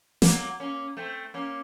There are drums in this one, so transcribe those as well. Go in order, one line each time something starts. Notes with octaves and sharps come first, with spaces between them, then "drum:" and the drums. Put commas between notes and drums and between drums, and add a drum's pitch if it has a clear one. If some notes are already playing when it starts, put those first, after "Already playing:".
F#3 A#3, drum: snare
A#3 C#4
A3 C4
A#3 C#4